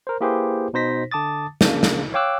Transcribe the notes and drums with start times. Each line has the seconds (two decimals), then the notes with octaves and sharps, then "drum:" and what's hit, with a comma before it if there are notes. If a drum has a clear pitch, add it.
0.07 A#4 C5
0.21 A#3 E4 G4 G#4 B4 C5
0.74 B2 D#4 C5 A#6 B6
1.11 D3 A5 D6 D#6 A6
1.61 C#3 A#3 D4, drum: snare
1.83 drum: snare
2.14 C#5 F5 G5 D6 E6 F#6